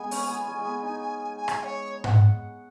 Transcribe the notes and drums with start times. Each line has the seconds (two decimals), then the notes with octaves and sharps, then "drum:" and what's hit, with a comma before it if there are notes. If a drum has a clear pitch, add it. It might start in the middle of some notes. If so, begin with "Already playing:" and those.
Already playing: G#3 B3 G#5
0.11 C#4, drum: open hi-hat
0.30 B3
0.48 G#3
0.58 G#3
0.65 B3
0.83 D#4
1.37 G#5
1.48 drum: rim click
1.63 C#5
2.04 F#5, drum: tom G#2